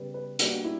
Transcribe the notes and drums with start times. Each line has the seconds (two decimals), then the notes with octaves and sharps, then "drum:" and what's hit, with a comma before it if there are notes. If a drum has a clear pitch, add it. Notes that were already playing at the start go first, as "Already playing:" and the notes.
Already playing: C#3 G3 B3
0.14 B4
0.39 B2 G3 A#3 D4 F#4 F#5, drum: hi-hat
0.64 E4